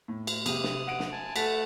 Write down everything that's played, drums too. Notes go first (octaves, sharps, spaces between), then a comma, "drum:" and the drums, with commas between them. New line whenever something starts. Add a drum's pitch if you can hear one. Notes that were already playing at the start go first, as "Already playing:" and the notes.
A2
drum: cymbal
C3 G4 D#6, drum: cymbal
drum: snare
F#5 D7
drum: snare
G#5 A5
A3 F#5 A5 B6, drum: cymbal